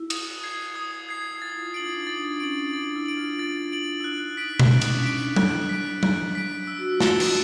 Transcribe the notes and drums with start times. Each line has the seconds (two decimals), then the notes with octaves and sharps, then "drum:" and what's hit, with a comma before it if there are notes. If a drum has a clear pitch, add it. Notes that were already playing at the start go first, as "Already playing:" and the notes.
Already playing: E4
0.10 D#6, drum: cymbal
0.43 G#6 C7
0.76 D#6
1.09 G#6 C7
1.31 E4
1.42 F4 A6
1.56 E4
1.63 F4
1.74 D4 D7 F#7
1.86 D#4
1.97 D#4
2.07 D4 A6
2.40 C#4 D7 F#7
2.73 D4 A6
2.96 E4
3.06 D7 F#7
3.17 F4
3.39 A6
3.72 D7 F#7
4.00 E4
4.04 D#4 F#6
4.37 D#4 B6 D7
4.59 drum: tom B2
4.70 D#4 F#6
4.81 D4, drum: cymbal
4.92 C#4
5.02 D4 B6 D7
5.36 F#6, drum: tom F#3
5.69 B6 D7
6.03 F#6, drum: tom F#3
6.35 B6 D7
6.67 E6
6.78 F#4
6.93 F4
7.00 E4 A6 C#7 E7 G7, drum: snare
7.20 D#4, drum: cymbal